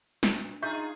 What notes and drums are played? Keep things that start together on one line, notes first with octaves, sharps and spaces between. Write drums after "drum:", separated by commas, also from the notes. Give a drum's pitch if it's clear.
A#2 D4, drum: snare
D#4 F4 G#4 E5 C#6 G6